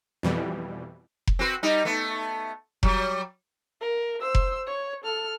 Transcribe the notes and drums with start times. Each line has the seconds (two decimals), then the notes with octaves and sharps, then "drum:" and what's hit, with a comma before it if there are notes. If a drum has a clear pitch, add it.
0.23 F2 B2 E3 G3
1.27 drum: kick F1
1.39 C4 F#4 B4
1.63 G3 D#4
1.85 A3 B3
2.83 F#3 G3, drum: kick F1
3.81 A#4
4.21 C5 E6
4.35 drum: kick F1
4.68 C#5
5.04 A4 F6